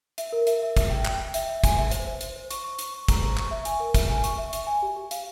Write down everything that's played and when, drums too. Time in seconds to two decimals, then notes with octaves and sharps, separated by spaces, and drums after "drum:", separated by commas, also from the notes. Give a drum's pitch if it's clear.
0.18 E5, drum: hi-hat
0.32 A#4
0.47 E5, drum: hi-hat
0.62 E5
0.77 E5, drum: kick, hi-hat
0.91 G5
1.05 G5, drum: clap
1.20 G5
1.34 E5, drum: hi-hat
1.48 E5
1.64 G#5, drum: kick, hi-hat
1.78 E5
1.91 C5, drum: hi-hat
2.07 C5
2.21 C5, drum: hi-hat
2.36 C5
2.51 C#6, drum: hi-hat
2.64 C#6
2.79 C#6, drum: hi-hat
2.94 C#6
3.08 A#5, drum: kick, hi-hat
3.23 C5
3.37 C#6, drum: clap
3.51 E5
3.65 G#5, drum: hi-hat
3.80 A#4
3.94 E5, drum: kick, hi-hat
4.10 G#5
4.24 C#6, drum: hi-hat
4.38 E5
4.53 E5, drum: hi-hat
4.67 G#5
4.82 G4
4.96 G4
5.11 F5, drum: hi-hat